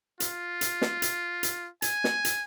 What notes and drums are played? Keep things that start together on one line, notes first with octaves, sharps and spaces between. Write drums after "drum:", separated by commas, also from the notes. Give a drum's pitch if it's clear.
F4, drum: hi-hat
drum: hi-hat
drum: snare
drum: hi-hat
drum: hi-hat
G#5, drum: hi-hat
drum: snare
drum: hi-hat